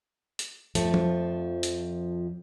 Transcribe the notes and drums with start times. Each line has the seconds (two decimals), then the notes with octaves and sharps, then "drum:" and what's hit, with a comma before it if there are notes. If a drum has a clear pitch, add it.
0.39 drum: hi-hat
0.75 F2 F3 A3, drum: hi-hat
0.94 drum: tom
1.63 drum: hi-hat